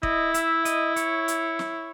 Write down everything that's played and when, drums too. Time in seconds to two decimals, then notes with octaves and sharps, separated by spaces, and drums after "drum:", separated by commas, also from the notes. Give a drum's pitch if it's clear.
0.03 E4 D#5, drum: kick
0.34 E5, drum: hi-hat
0.65 D#5, drum: hi-hat
0.96 C#5, drum: hi-hat
1.28 drum: hi-hat
1.59 drum: snare